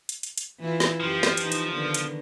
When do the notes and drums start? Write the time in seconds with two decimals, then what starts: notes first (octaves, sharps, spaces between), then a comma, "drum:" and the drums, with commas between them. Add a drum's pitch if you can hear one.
0.09 drum: hi-hat
0.23 drum: hi-hat
0.38 drum: hi-hat
0.60 E3 E4 F4
0.80 drum: snare
1.00 F#2 F3 G4
1.23 drum: snare
1.37 E3 D#4, drum: hi-hat
1.52 drum: hi-hat
1.72 D3 D#3 B3
1.94 drum: hi-hat